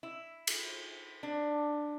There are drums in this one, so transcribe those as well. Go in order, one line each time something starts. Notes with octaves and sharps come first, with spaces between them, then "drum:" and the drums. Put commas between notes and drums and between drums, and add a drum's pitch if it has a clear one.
E4
drum: cymbal
D4